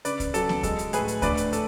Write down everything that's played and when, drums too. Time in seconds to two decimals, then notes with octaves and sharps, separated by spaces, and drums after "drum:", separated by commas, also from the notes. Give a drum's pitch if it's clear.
0.05 C#3 B4 D5, drum: hi-hat
0.20 drum: kick C#2, hi-hat
0.34 F#3 A4, drum: hi-hat
0.49 drum: snare B3
0.63 G#3 A4, drum: kick C#2, hi-hat
0.79 drum: hi-hat
0.93 A2 G#4 B4, drum: hi-hat
1.08 drum: hi-hat
1.22 D2 B4 D5, drum: kick C#2, hi-hat
1.37 drum: hi-hat
1.53 A4, drum: hi-hat